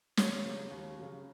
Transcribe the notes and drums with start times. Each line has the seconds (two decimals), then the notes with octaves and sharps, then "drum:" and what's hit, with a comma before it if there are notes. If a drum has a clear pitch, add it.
0.17 D#2 C#5, drum: snare
0.44 C#3 F#3
0.70 D#2
0.98 C#3 F#3